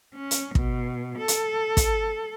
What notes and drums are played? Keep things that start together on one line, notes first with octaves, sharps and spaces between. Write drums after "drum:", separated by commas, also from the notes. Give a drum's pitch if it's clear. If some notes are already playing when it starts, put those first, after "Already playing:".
C#4
drum: hi-hat
B2, drum: kick
A4
drum: hi-hat
drum: kick, hi-hat